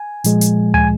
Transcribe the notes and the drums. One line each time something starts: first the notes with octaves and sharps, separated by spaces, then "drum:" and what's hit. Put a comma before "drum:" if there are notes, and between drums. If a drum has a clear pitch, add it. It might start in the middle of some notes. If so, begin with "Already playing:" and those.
Already playing: G#5
A#2 F3 G#3, drum: hi-hat
drum: hi-hat
G#5, drum: tom